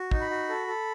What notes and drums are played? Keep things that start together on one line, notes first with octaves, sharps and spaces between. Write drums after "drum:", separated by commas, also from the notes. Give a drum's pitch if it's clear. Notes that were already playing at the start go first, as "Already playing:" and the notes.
Already playing: F#4
D#4, drum: kick
B5
F#4
A4
A4